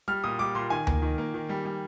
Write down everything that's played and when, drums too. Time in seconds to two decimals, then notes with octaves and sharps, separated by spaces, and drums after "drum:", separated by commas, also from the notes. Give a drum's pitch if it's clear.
0.08 G3 F6
0.24 A#2 D#6
0.39 G3 D6
0.55 A#2 C6
0.70 D#3 G#5
0.87 A#3, drum: tom D2
1.02 D#3
1.18 A#3
1.34 D#3
1.49 G3
1.65 G3